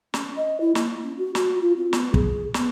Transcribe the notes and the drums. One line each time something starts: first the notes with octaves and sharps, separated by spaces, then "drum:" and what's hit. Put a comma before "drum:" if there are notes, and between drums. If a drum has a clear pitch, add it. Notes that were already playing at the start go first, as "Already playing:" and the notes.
C#4, drum: snare
D#5
E4
A#3, drum: snare
C#4
F#4
F#4, drum: snare
F4
C4
B3, drum: snare
G#4, drum: kick
B3, drum: snare